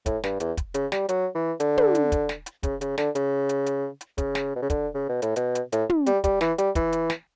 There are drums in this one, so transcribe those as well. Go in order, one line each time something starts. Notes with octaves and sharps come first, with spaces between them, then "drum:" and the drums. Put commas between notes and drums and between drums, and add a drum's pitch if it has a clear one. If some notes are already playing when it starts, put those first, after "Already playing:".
A2, drum: kick, hi-hat
G2, drum: snare
E2, drum: hi-hat
drum: kick, hi-hat
C#3, drum: hi-hat
G3, drum: snare
F#3, drum: hi-hat
E3
D3, drum: hi-hat
drum: tom
drum: hi-hat
drum: kick, hi-hat
drum: snare
drum: hi-hat
C#3, drum: kick, hi-hat
C#3, drum: hi-hat
D3, drum: snare
C#3, drum: hi-hat
drum: hi-hat
drum: hi-hat
drum: hi-hat
C#3, drum: kick, hi-hat
drum: snare
B2
C#3
D3, drum: kick, hi-hat
C#3
B2
A2, drum: hi-hat
B2, drum: hi-hat
drum: hi-hat
A2, drum: hi-hat
drum: tom
G3, drum: hi-hat
G3, drum: kick, hi-hat
E3, drum: snare
G3, drum: hi-hat
E3, drum: kick, hi-hat
drum: hi-hat
drum: snare